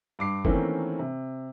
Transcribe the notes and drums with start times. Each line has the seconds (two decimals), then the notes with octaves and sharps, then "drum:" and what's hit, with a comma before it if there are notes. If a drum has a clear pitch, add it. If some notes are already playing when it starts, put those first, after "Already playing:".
0.19 G2 D6 C7
0.45 D#3 E3 A3 A#3 C4 C#4, drum: kick F#1
0.99 C3